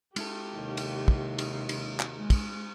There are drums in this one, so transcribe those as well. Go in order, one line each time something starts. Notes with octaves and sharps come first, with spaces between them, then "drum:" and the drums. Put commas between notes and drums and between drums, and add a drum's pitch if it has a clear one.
G#3 E4 G4 A4, drum: cymbal
D#2 C3
drum: cymbal
drum: kick
drum: cymbal
drum: cymbal
drum: clap
G#3
drum: kick, cymbal